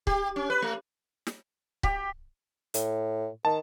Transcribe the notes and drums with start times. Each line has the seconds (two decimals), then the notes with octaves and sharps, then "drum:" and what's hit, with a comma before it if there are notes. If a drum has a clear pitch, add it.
0.07 G4, drum: kick C#1
0.36 C#4
0.50 B4
0.62 A3
1.27 drum: snare
1.83 G4, drum: kick C#1
2.74 A2, drum: hi-hat
3.45 D#3 A5